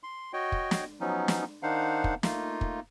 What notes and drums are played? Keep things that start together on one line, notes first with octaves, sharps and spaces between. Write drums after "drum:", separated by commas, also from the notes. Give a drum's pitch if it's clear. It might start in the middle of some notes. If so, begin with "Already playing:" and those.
C6
F#4 C#5 D#5 G5
drum: kick
drum: snare
F3 F#3 B3 C#4 D#4
drum: snare
D#3 D4 D#4 C5 F5 F#5
drum: kick
A3 A#3 D#4 F4, drum: snare
drum: kick